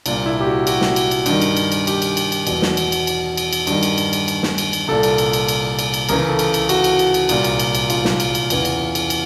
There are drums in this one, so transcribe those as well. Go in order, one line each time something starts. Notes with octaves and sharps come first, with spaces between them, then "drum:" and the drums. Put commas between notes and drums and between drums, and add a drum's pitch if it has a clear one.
C2 A#2 D4, drum: cymbal
E4
G4
F#4
F#4, drum: cymbal
drum: snare
drum: cymbal
drum: cymbal
G2 D#3, drum: cymbal
drum: cymbal
drum: cymbal
drum: cymbal
G4, drum: cymbal
drum: cymbal
drum: cymbal
drum: cymbal
E2 B2, drum: cymbal
drum: snare
drum: cymbal
drum: cymbal
drum: cymbal
drum: cymbal
drum: cymbal
G2 D#3, drum: cymbal
drum: cymbal
drum: cymbal
drum: cymbal
drum: cymbal
drum: snare
drum: cymbal
drum: cymbal
C2 A#2 A4
drum: cymbal
drum: cymbal
drum: cymbal
drum: cymbal
drum: cymbal
drum: cymbal
C#2 C#3 E3 A#4, drum: cymbal
A4
drum: cymbal
drum: cymbal
F#4, drum: cymbal
drum: cymbal
drum: cymbal
drum: cymbal
C2 A#2, drum: cymbal
drum: cymbal
drum: cymbal
drum: cymbal
F4, drum: cymbal
drum: snare
drum: cymbal
drum: cymbal
E2 C#3 E3, drum: cymbal
drum: cymbal
drum: cymbal
drum: cymbal